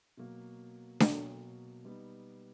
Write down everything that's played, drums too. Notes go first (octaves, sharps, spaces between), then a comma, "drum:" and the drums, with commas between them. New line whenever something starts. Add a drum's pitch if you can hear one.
B2 F#3 A#3
B2 F#3 A#3, drum: snare D4
G3 B3 D#4